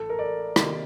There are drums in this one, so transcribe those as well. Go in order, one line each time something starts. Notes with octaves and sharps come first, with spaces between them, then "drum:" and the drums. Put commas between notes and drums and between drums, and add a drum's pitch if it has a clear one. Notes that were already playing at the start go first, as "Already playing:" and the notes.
Already playing: A1 A2 A4
A#4
D5
C3 D#3 G3 A#3, drum: rim click